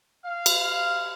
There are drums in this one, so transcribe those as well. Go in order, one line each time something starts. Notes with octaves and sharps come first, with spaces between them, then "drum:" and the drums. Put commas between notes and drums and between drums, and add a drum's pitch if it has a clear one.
F5
drum: cymbal